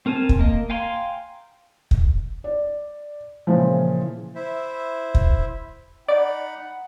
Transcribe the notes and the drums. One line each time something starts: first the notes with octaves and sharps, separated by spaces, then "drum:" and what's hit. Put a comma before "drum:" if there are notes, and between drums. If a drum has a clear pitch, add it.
C4 A#4 G#5 A5
drum: kick
A#3 D#5
F5 G5 G#5 A#5 C6
drum: kick
D5
A#2 C#3 E3 F3
E4 C5 E5
drum: kick
D#4 D5 F#5 B5